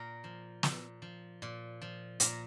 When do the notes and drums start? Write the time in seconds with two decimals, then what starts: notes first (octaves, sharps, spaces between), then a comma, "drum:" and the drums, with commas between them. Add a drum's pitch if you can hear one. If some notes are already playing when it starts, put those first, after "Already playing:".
Already playing: A#2 A#4
0.24 F3
0.63 A#2, drum: snare
1.02 F3
1.42 A#2
1.82 F3
2.20 A#2 A#4, drum: hi-hat